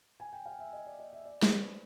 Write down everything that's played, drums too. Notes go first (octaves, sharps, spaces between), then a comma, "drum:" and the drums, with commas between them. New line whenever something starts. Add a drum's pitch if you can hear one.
G#5
G5
F5
E5
D#5
D5
D#5
E5
D5
C5, drum: snare
B4